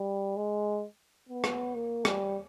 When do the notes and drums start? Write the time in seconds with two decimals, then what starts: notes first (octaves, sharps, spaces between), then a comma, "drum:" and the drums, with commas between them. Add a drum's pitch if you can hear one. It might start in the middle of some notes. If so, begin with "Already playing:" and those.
Already playing: G3
0.37 G#3
1.29 B3
1.44 drum: rim click
1.75 A#3
2.05 G3, drum: rim click